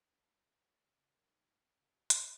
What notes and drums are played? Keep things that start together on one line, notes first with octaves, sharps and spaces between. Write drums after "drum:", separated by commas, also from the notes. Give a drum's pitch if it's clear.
D4
A5
G6
B5
D#3
C#3
A#4
D#4
F6
C#3
F#4
D3, drum: hi-hat